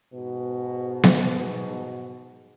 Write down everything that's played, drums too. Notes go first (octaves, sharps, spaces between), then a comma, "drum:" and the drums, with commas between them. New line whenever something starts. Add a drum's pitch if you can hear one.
G#2 B2
drum: snare B3